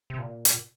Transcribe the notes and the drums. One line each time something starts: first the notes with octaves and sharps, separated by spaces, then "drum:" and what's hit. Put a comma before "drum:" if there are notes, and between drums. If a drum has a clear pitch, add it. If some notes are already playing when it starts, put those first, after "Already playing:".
C3
A#2
drum: hi-hat